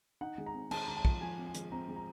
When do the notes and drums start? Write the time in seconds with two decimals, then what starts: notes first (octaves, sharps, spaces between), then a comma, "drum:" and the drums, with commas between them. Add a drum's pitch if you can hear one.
0.21 D#4 F#5
0.38 G#3
0.46 A#5
0.54 C4
0.71 G#3 A5, drum: cymbal
0.87 G#3 A#5
0.97 A5
1.05 F3, drum: kick
1.21 F3 G#5
1.38 C4
1.46 G#5
1.54 G#3, drum: hi-hat
1.72 C4 A#5
1.88 G#3
1.96 A#5